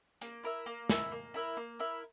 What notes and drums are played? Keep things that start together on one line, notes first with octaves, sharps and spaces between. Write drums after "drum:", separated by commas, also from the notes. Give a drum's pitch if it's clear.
A#3, drum: hi-hat
E4 A#4 E5
A#3
E4 A#4 E5, drum: snare
A#3
E4 A#4 E5
A#3
E4 A#4 E5